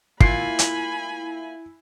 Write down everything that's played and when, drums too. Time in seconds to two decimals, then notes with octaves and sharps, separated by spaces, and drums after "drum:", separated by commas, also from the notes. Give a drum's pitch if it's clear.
0.20 A#3 E4 F4 G#5 B5 C7, drum: kick
0.59 drum: hi-hat